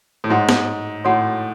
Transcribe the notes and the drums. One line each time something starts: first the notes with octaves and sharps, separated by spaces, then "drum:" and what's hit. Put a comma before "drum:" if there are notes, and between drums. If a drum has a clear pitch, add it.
A2
G#2 F#4 C#5 F#5 C6
drum: snare
A2 F#4 C#5 F#5 C6